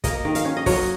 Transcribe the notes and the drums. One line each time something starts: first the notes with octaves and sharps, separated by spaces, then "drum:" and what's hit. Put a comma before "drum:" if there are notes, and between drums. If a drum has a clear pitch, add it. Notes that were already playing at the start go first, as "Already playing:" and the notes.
A#3 D#5, drum: kick, hi-hat
D#3
F5, drum: hi-hat
C#4
D#5
F#3 C#5, drum: kick, open hi-hat